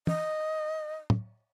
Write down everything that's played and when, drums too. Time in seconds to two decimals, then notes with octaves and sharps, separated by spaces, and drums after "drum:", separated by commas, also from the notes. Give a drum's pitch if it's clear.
0.07 D#5, drum: tom
1.10 drum: tom